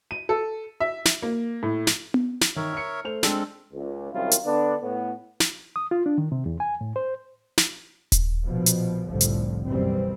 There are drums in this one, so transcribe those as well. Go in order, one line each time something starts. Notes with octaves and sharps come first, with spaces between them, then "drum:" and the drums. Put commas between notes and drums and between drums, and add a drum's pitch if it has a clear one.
D#7
A4
E5
drum: snare
A#3
A2
drum: snare
drum: tom B3
drum: snare
D#3 A#4 C#5 E5
F6 C#7
A3 C5 F7
G#3 C4 D4 A4, drum: snare
C#2
C2 F#2 D#3 E4 F4
drum: hi-hat
D3 B3 D4
A2 B3
drum: snare
D#6
F4
D4
D#3
C3
E2
G#5
A2
C5
drum: snare
drum: kick D#1, hi-hat
A#1 B2 F3
drum: hi-hat
F1 C2 F2 A2 D3 F3
drum: hi-hat
F#1 F#2 B2 E3 G3 C4